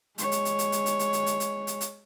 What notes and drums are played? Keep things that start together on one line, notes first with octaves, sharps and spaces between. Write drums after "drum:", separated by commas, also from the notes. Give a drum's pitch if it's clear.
G#3 C#5, drum: hi-hat
drum: hi-hat
drum: hi-hat
drum: hi-hat
drum: hi-hat
drum: hi-hat
drum: hi-hat
drum: hi-hat
drum: hi-hat
drum: hi-hat
drum: hi-hat
drum: hi-hat